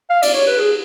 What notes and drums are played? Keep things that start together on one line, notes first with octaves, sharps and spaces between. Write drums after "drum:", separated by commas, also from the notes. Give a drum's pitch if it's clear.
F5
D5, drum: cymbal
C#5
B4
G#4